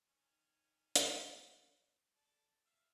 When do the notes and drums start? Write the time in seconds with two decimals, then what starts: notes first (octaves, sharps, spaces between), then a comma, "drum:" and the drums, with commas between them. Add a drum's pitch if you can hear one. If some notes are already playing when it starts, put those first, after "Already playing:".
0.08 D#3 C#4 G#5
0.96 drum: hi-hat
2.16 A4 D5
2.66 E5 F5 E6